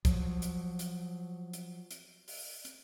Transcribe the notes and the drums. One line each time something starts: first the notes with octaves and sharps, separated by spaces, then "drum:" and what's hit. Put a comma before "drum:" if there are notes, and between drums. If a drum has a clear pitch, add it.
F3 F#3, drum: kick, hi-hat
drum: hi-hat
drum: hi-hat
drum: hi-hat
drum: hi-hat
drum: open hi-hat
drum: hi-hat